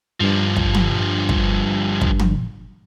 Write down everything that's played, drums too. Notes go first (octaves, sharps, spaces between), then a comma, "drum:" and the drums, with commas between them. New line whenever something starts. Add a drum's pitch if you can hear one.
G2 D3 F3
drum: kick
drum: tom
drum: kick
drum: kick
drum: tom